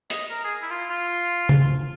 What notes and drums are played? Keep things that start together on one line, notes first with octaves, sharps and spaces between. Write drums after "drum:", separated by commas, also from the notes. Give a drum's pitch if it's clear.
D#5, drum: hi-hat
A#4
G#4
E4
F4
F4
drum: tom